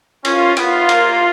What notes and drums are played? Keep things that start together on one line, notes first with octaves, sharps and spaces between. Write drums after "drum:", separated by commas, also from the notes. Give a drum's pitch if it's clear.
C#4 F4, drum: cymbal
B3 F4, drum: cymbal
A#3, drum: cymbal